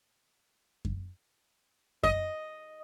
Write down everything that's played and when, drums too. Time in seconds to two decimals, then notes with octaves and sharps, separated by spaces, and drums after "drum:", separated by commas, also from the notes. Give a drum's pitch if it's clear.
0.85 drum: kick F#2
2.03 D#5, drum: kick F#2